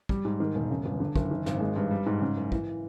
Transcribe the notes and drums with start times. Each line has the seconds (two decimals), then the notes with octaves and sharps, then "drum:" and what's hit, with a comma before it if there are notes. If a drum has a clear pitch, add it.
0.09 G3, drum: kick
0.25 G#2
0.40 D#3
0.55 E1
0.70 C#3
0.85 G1
1.00 D3
1.15 F#1, drum: kick
1.31 D#3
1.46 G#1, drum: snare
1.60 G#3
1.76 G2
1.91 G3
2.06 G#2
2.21 C#3
2.37 F#1
2.52 E3, drum: kick